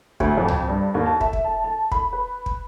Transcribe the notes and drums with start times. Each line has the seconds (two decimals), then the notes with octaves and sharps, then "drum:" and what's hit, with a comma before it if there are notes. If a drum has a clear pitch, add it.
0.20 D2, drum: kick
0.37 F2
0.48 drum: tom C2
0.68 G2
0.94 D#2
1.06 A5
1.21 E5, drum: kick
1.33 drum: kick
1.44 A5
1.64 A5
1.92 B5, drum: kick
2.13 B4
2.46 drum: kick